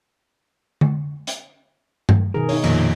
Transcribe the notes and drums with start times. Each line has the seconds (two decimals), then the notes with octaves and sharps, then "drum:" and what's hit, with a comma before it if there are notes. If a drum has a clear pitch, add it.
0.81 drum: tom D3
1.27 drum: hi-hat
2.09 drum: tom G2
2.34 B2 D#3 G#4 A#4
2.49 D#4 C#5, drum: open hi-hat
2.64 F2 A#2 D#3, drum: cymbal